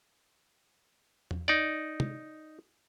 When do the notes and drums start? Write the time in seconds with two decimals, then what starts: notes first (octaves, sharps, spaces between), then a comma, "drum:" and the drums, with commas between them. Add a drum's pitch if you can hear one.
1.31 drum: tom E2
1.48 D#4 D5
2.00 drum: tom